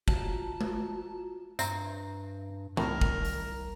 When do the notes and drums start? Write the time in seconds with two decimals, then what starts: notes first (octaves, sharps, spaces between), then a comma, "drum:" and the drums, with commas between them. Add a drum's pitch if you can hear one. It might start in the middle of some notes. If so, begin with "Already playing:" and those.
0.08 F4 F#4 A5 A#5, drum: kick
0.61 drum: tom G#3
1.59 G2 C4 E5 A#5, drum: tambourine
2.77 C2 A2 A#4, drum: tom D#3
3.01 drum: kick
3.25 drum: open hi-hat